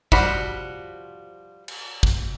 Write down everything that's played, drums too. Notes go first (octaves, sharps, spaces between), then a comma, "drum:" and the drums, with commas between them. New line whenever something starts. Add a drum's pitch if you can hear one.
F3 G3 F#4 C5 B5, drum: kick
drum: cymbal
drum: kick